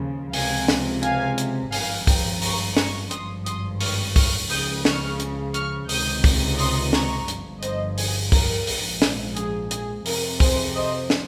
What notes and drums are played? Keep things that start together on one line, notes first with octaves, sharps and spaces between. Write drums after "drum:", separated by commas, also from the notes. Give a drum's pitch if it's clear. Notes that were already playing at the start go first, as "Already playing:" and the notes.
Already playing: D#2 C#3 F3
C#2 C3 F3 F5 G#5, drum: open hi-hat
drum: snare
F5 G#5, drum: hi-hat
drum: hi-hat
G#1 G2 F3 F5 G#5, drum: open hi-hat
G5 A#5, drum: kick, open hi-hat
A#5 C#6, drum: open hi-hat
A#5 C#6, drum: snare
G#1 G2 F3 C6 D#6, drum: hi-hat
C6 D#6, drum: hi-hat
C#6 F6, drum: open hi-hat
C#6 F6, drum: kick, open hi-hat
C#2 C#3 F3 D#6 G6, drum: open hi-hat
C#6 F6, drum: snare
drum: hi-hat
C#6 F6, drum: hi-hat
C#2 C3 D#3 D#6 G6, drum: open hi-hat
drum: kick, open hi-hat
C6 D#6, drum: open hi-hat
A#5 C#6, drum: snare
G1 G2 F3, drum: hi-hat
C5 D#5, drum: hi-hat
G#4, drum: open hi-hat
A#4, drum: kick, open hi-hat
A#1 G#2 F3, drum: open hi-hat
drum: snare
G#4, drum: hi-hat
G#4, drum: hi-hat
F2 C3 F3 A#4, drum: open hi-hat
G#4 C5, drum: kick, open hi-hat
C5 D#5
drum: snare